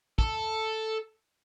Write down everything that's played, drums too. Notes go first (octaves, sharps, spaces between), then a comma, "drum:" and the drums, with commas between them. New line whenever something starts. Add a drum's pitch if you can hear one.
A4, drum: kick